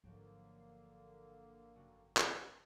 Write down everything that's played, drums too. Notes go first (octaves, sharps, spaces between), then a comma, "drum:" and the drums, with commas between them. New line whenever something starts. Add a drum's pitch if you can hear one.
G#1 D3 F3 F#3 A#3 G4
C7
F#1 F#4
drum: clap
D#7